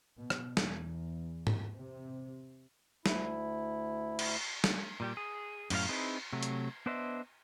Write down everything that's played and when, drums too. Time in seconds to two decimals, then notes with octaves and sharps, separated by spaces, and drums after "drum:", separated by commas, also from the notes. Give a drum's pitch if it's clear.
0.18 B2
0.30 drum: rim click
0.57 E2, drum: snare
1.47 drum: tom
1.74 C3
3.06 D2 E4, drum: snare
4.19 drum: cymbal
4.64 drum: snare
5.00 A#2 G3 G4
5.17 G#4
5.70 F#2 A2 F#4 F5, drum: cymbal
5.89 C4 D#4 E4 G#4 B4
6.33 C3 F#3 A3
6.43 drum: hi-hat
6.86 B3 D4 B4 C5 D#5 E5